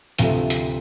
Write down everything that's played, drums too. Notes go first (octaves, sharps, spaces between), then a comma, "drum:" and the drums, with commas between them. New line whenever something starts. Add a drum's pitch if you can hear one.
D2 C3 F3 A3, drum: hi-hat
drum: hi-hat